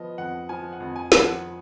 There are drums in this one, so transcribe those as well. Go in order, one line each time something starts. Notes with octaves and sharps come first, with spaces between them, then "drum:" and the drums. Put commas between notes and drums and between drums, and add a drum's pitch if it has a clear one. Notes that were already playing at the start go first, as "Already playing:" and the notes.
Already playing: F3 B3 D#5
F2 F#5
F3 G#5
F#5
F2
G#5
F3, drum: snare
F#5